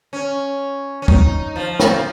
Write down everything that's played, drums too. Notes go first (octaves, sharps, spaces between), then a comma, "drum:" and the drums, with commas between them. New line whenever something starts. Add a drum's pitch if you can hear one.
C#4
C#4
D#4, drum: kick
F3
drum: snare